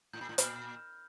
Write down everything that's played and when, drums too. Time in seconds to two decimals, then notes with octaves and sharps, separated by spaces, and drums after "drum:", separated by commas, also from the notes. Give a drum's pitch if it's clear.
0.13 A2 G6
0.21 A#2
0.29 A2
0.38 A#2 F6, drum: hi-hat